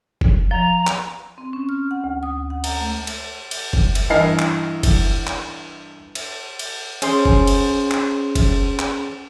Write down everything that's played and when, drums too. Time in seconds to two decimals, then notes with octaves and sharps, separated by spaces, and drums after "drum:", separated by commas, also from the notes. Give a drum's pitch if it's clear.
0.21 drum: kick F1
0.51 F3 A#5
0.87 drum: clap
1.38 C4
1.53 C#4
1.69 F6
1.91 F#5
2.04 D2
2.23 D#6
2.50 F#5
2.64 A#5, drum: cymbal
2.80 A3
3.07 drum: cymbal
3.51 drum: cymbal
3.73 drum: kick F1
3.95 drum: cymbal
4.10 G2 E3 A#4 D#5 F6 C7
4.39 drum: clap
4.83 drum: kick F1, cymbal
5.27 drum: clap
6.15 drum: cymbal
6.59 drum: cymbal
7.02 C#4 G#4 C5 C6, drum: cymbal
7.25 drum: kick F1
7.47 drum: cymbal
7.91 drum: clap
8.35 drum: kick F1, cymbal
8.79 drum: clap